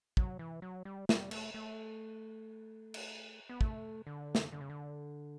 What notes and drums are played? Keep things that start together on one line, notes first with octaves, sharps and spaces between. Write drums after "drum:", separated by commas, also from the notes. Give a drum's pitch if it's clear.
F#3, drum: kick
E3
F#3
G3
G3, drum: snare
A3, drum: cymbal
A3
drum: cymbal
B3
A3, drum: kick
D3
drum: snare
D3
C#3
D3